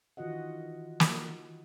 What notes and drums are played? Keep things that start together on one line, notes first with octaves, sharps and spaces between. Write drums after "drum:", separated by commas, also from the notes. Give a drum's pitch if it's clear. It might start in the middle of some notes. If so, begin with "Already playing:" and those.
D#3 E3 F4 F#4 D#5 F#5
drum: snare